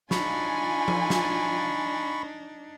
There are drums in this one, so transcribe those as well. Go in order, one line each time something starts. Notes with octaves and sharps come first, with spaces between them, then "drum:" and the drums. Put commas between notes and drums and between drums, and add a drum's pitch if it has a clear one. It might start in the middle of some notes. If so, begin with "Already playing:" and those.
D4 D#4 F4 G#5 B5 C#6, drum: snare
drum: tom F3
drum: snare